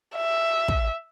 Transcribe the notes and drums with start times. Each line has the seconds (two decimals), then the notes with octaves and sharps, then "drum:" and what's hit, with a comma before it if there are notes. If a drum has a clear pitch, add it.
0.16 E5
0.68 drum: kick